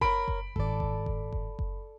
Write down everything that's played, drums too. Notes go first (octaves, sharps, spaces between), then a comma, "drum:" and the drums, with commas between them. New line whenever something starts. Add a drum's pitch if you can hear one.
A#4 C#5 B5 D7, drum: kick F#1
drum: kick F#1
G#2 D#3 A4 D5, drum: kick F#1
drum: kick F#1
drum: kick F#1
drum: kick F#1
drum: kick F#1